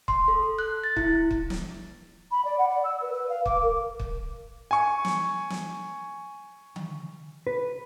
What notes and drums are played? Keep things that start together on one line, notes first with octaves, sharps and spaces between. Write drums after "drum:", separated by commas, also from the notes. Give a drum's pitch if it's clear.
C6, drum: kick
A4
F#6
A6
E4, drum: kick
drum: kick
drum: snare
B5
D5
F#5
D5
E6
B4
B4
F5
D6, drum: kick
A#4
drum: kick
G#5 C#6
drum: snare
drum: snare
drum: tom D3
B4